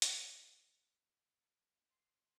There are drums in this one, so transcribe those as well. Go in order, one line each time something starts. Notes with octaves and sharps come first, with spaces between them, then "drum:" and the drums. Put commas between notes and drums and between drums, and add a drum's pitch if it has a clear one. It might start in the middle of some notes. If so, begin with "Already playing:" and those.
drum: hi-hat
C6